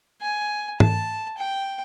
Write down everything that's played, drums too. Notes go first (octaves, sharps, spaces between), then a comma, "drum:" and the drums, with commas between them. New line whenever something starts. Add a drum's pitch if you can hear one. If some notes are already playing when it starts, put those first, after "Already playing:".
G#5
A5, drum: tom G#2
G5